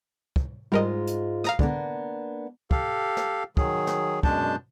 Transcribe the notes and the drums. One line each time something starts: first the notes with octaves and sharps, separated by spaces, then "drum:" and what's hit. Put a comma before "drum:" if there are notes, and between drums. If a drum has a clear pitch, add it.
drum: kick
G#2 G3 G#3 F4 A#4 D#5
drum: hi-hat
F5 A#5 D#6, drum: snare
D3 A#3 B3 D4, drum: kick
G4 A4 F5, drum: kick
drum: snare
D#3 F#3 G#4, drum: kick
drum: snare
F#2 B2 G#3 D4 A5 G6, drum: kick